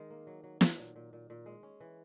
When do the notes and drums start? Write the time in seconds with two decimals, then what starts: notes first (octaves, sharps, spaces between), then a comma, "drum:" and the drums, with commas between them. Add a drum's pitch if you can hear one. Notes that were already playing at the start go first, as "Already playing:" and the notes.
Already playing: D#3 G#3
0.10 A#3
0.27 F#3
0.44 F#3
0.61 F#3, drum: snare
0.78 A#2
0.96 A#2
1.13 A#2
1.30 A#2
1.46 G#3
1.63 C#4
1.81 E3